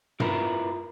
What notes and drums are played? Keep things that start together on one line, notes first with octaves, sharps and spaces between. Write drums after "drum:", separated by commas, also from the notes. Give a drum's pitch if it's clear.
E4 F4 A#4 B4 E5 A#5, drum: tom